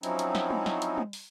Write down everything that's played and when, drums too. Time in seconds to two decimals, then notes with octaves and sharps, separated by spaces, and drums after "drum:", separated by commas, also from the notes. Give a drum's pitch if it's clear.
0.03 F3 F#3 C4 C#4 D#4 E4, drum: hi-hat
0.19 drum: hi-hat
0.35 drum: snare
0.50 drum: tom
0.66 drum: snare
0.82 drum: hi-hat
0.98 drum: tom
1.13 drum: open hi-hat